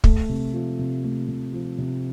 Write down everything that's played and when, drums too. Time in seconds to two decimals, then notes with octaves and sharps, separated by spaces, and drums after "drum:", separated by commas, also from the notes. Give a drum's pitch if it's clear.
0.04 A3, drum: kick
0.29 C3
0.53 F3
0.79 C3
1.04 A3
1.28 C3
1.53 F3
1.78 C3